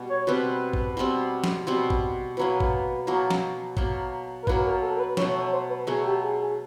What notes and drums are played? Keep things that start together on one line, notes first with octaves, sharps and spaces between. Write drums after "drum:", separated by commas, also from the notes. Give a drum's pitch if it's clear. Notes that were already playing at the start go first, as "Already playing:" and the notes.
Already playing: B2 G3
C#5
B2 G3 C4 B4
drum: kick G#1
B2 G3 C4
drum: snare
B2 G3 C4
drum: kick G#1
B2 F#3 A#3 B4
drum: kick G#1
B2 F#3 A#3
drum: snare
B2 F#3 A#3, drum: kick G#1
A#4
B2 F#3 A#3 B4, drum: kick G#1
A#4
A4
A#4
B4
B2 F#3 A3 C#5, drum: snare
C#5
C5
B4
B2 F#3 A3 G#4
G4
G#4
G#4